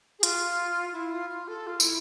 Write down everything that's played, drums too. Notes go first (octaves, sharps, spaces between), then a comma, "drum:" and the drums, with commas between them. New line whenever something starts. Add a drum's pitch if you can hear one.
G#4
F4, drum: hi-hat
E4
F4
F4
A4
F4
E4, drum: tambourine